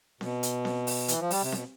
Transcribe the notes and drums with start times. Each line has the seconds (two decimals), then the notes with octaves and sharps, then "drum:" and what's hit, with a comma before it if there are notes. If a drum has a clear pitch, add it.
0.21 B2, drum: snare C4
0.43 drum: hi-hat
0.65 drum: snare C4
0.87 drum: open hi-hat
1.08 E3, drum: hi-hat
1.20 F3
1.31 G3, drum: open hi-hat
1.42 C3
1.52 B2, drum: snare C4